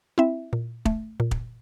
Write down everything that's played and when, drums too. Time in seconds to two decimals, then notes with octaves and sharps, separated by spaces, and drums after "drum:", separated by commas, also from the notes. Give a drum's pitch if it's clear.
0.18 C4 E4 E5
0.53 A#2
0.85 A3, drum: kick
1.20 A#2
1.31 drum: kick